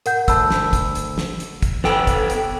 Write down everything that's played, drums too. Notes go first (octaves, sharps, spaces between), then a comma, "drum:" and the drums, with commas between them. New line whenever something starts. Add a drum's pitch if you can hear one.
A#4 F#5 G6, drum: hi-hat
D2 A5 B5 E6, drum: kick, hi-hat
drum: snare
drum: kick, hi-hat
drum: hi-hat
drum: snare
drum: hi-hat
drum: kick, hi-hat
B3 A4 G5, drum: snare
drum: kick, hi-hat
drum: hi-hat